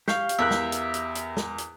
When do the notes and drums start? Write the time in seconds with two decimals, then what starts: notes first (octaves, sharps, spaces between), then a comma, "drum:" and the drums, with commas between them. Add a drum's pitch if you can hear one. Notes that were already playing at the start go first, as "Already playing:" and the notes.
0.08 G4 F5 C#6 G6 C7, drum: snare
0.29 drum: hi-hat
0.39 E2 A#4 E5 F#6
0.51 drum: snare
0.72 drum: hi-hat
0.94 drum: hi-hat
1.15 drum: hi-hat
1.37 drum: snare
1.58 drum: hi-hat